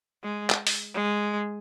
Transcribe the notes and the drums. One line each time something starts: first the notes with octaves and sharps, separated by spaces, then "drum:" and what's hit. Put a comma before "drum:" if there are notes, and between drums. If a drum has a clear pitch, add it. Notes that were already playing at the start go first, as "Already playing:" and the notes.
G#3
drum: clap
drum: open hi-hat
G#3